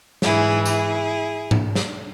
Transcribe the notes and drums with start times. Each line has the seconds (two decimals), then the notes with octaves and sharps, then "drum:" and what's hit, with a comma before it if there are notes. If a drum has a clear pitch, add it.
0.22 G#2 E3 E4 G#4, drum: snare
0.65 E4 G#4, drum: tambourine
1.51 drum: tom G#2
1.75 drum: snare